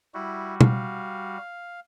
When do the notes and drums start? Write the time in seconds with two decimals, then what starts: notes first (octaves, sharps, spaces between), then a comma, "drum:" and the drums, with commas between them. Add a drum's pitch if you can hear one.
0.14 G3 E4 F#4
0.61 F5, drum: tom